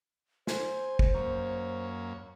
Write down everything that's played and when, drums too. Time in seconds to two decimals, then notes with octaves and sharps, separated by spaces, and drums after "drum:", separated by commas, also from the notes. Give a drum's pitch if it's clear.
0.47 C5 G#5 C6, drum: snare
0.99 drum: kick
1.14 F#2 A#3 C#5